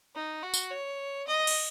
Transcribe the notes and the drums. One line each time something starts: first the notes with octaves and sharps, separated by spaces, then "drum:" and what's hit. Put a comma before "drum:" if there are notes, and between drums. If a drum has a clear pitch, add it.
D#4
F#4
drum: tambourine
C#5
D#5
drum: cymbal